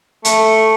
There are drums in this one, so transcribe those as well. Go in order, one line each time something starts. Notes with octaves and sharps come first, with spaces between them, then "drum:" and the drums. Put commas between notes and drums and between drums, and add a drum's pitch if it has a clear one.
A3, drum: hi-hat